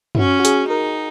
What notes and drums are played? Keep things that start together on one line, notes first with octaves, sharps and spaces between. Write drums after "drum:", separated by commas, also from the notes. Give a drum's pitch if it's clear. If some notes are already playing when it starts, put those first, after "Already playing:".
E4, drum: tom F#2
C#4 F#4
F#4
G#4, drum: hi-hat
D#4 A#4